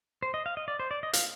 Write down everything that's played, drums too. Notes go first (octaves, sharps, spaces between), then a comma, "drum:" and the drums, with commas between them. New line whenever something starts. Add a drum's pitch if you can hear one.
C5
D#5
F5
D#5
D5
C5
D5
D#5
F5, drum: hi-hat